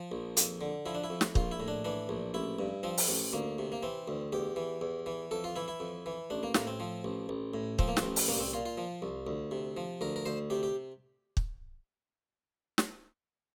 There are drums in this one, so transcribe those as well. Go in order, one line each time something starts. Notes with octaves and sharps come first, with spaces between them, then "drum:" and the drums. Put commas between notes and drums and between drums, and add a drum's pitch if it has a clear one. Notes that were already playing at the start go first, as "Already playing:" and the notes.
Already playing: F3
A#1
F2, drum: hi-hat
D3
F3 E4
D4
E4
F2
drum: snare
A#1 F4, drum: kick
E4
A2
D4
E3 D4
A#1
A1 E4
G2
F3 C4
drum: open hi-hat
A1
D2 A#3
C3
A#3
E3 C4
D2
E2 G4
E3
E2
E3
F2 A4
F4
E3 E4
E4
F2
E3
A1 D4
A#3
A2 A#3, drum: snare
C4
F3
A1
A1
A2
F3 C4, drum: kick
A#3
C4, drum: snare
A1
drum: open hi-hat
C2 A#3
C4
A#2 F4
F4
F3
C2
D2
C3
F3
D2 A#4
A#4
D2 C5
C3 G4
G4
drum: kick
drum: snare